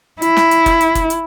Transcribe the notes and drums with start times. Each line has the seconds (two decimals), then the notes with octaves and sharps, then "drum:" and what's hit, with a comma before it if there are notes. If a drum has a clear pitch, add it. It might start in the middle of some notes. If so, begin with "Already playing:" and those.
0.22 E4, drum: hi-hat
0.37 drum: snare
0.51 drum: hi-hat
0.66 drum: kick F#1, hi-hat
0.81 drum: hi-hat
0.95 drum: kick F#1, hi-hat
1.10 drum: hi-hat